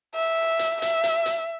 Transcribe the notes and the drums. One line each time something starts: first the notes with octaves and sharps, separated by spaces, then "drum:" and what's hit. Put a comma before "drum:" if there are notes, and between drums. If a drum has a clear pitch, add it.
E5
drum: hi-hat
E5, drum: hi-hat
drum: hi-hat
drum: hi-hat